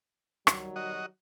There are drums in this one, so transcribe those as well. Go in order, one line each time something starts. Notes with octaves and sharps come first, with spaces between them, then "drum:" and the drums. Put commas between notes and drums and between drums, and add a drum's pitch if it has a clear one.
D#3 F#3 G3, drum: rim click
F#4 D#5